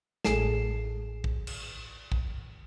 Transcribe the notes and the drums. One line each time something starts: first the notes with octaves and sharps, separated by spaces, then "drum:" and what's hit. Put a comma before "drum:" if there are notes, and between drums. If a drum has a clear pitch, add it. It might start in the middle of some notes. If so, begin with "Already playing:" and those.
A1 A2 G#4 A4 C7 E7, drum: snare
drum: kick A#1
drum: cymbal
drum: kick A#1